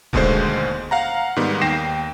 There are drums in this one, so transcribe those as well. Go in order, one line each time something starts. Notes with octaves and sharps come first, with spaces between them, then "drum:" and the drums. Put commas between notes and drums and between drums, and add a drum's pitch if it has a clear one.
D#2 B2 D3 G#3 A3 C5, drum: kick D#1
F5 F#5 A#5
G#2 D#3 G3 B3
D#2 G5 A#6 C7 E7